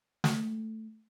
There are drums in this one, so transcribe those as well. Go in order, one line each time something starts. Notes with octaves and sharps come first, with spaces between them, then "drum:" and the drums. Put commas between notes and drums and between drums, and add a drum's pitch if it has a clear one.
A3, drum: snare